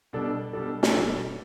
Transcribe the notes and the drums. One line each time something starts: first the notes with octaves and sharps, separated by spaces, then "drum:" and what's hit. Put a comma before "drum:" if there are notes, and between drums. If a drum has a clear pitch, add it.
B2 G3 D4 A4
B2 G3 D4 A4
drum: snare
B2 G3 D4 A4